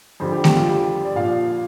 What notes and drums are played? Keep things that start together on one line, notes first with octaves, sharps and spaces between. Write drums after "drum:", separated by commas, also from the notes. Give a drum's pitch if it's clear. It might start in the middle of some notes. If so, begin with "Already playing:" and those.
F2 D3 G3 C5
G4
G4, drum: snare A3
F4
G4
D5
A#2 F3 F5